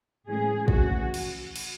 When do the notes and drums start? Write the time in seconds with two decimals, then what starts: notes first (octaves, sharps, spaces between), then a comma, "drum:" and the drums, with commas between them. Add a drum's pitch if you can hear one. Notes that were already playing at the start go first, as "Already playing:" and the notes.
0.28 A2 E3 G#3 C#4 G#4
0.68 C#3 E3 A3 C#4 F#4, drum: kick
1.14 drum: cymbal
1.56 drum: cymbal